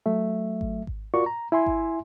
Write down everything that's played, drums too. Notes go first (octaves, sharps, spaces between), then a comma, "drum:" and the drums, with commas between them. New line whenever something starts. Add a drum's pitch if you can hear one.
F#3 A3 E5
drum: kick G#1
drum: kick G#1
F4 F#4 A#4 D5 C#6
A#5
E4 E5 G#5 C6
drum: kick G#1